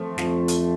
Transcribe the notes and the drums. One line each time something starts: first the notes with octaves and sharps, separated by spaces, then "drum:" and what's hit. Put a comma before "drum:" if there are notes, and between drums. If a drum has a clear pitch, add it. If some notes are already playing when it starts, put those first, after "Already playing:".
Already playing: F3 A3 C4
F2 F3, drum: snare
drum: hi-hat